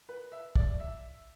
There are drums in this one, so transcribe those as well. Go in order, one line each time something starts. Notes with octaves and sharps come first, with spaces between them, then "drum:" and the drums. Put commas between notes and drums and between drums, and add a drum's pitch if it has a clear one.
B4
E5
D5, drum: kick
E5